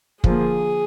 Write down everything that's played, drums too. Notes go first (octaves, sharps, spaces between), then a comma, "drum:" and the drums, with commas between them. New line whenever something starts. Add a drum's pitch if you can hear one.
D3 F3 A#3 G#4, drum: kick